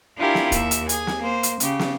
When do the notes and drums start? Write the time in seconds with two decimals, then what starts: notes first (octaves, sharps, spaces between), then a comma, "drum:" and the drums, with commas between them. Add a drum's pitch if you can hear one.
0.17 D4 E4 F4 G4 A#4 G#5
0.35 drum: snare
0.52 D#2 E5, drum: kick, hi-hat
0.71 drum: hi-hat
0.89 G#4 G#5, drum: hi-hat
1.07 drum: snare
1.20 A#3 C5
1.43 drum: hi-hat
1.60 C#3 G4, drum: hi-hat
1.79 drum: snare